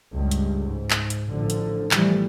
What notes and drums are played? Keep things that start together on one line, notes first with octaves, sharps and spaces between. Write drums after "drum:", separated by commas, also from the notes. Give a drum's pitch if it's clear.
C#2 G2
drum: hi-hat
G#2
drum: clap
drum: hi-hat
A1 D3 F3
drum: hi-hat
A2 E3 F3 G3 A3, drum: clap